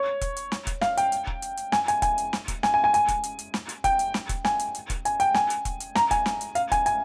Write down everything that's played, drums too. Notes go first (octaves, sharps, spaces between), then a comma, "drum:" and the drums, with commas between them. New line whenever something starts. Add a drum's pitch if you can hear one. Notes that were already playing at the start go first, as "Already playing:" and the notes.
Already playing: C#5
drum: kick E1, hi-hat
drum: hi-hat
drum: snare
drum: kick E1, hi-hat
F5, drum: snare
G5, drum: hi-hat
drum: hi-hat
drum: kick E1
drum: hi-hat
drum: hi-hat
G#5, drum: snare
G#5, drum: hi-hat
G#5, drum: kick E1, hi-hat
drum: hi-hat
drum: snare
drum: kick E1, hi-hat
G#5, drum: snare
G#5
G#5
G#5, drum: hi-hat
drum: kick E1, hi-hat
drum: hi-hat
drum: hi-hat
drum: snare
drum: hi-hat
G5, drum: kick E1, hi-hat
drum: hi-hat
drum: snare
drum: kick E1, hi-hat
G#5, drum: snare
drum: hi-hat
drum: hi-hat
drum: kick E1, hi-hat
G#5, drum: hi-hat
G5, drum: hi-hat
G#5, drum: snare
drum: hi-hat
drum: kick E1, hi-hat
drum: hi-hat
A#5, drum: snare
G#5, drum: kick E1, hi-hat
drum: snare
drum: hi-hat
F5, drum: hi-hat
G#5, drum: kick E1, hi-hat
G#5, drum: hi-hat